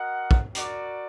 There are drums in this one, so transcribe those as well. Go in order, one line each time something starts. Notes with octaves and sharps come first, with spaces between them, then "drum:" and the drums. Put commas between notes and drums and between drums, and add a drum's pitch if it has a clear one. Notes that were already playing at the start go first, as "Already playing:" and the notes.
Already playing: F#4 A#4 D#5 F#5
drum: kick
F#4 A#4 D5, drum: hi-hat